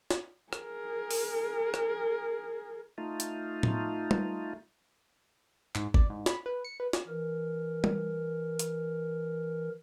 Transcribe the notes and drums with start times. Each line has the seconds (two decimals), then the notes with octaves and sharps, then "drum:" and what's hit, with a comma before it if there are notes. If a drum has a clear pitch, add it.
0.11 drum: snare
0.53 G#4 A#4, drum: rim click
1.11 drum: open hi-hat
1.74 drum: rim click
2.98 A3 D#4 F4
3.20 drum: hi-hat
3.63 drum: tom A2
4.11 drum: tom G3
5.75 G#2, drum: clap
5.94 D5, drum: kick G1
6.10 G#2
6.26 B5, drum: snare
6.46 B4
6.64 C#7
6.80 B4
6.93 drum: snare
7.07 E3 A#4
7.84 drum: tom G3
8.59 drum: hi-hat